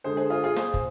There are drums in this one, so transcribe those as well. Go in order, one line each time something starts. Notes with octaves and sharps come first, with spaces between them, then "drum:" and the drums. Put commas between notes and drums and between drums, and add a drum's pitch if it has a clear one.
D3 G#3 G#4 C5
G#4 C5
F4 G#4
F4 G#4
G#4 C5, drum: snare
drum: kick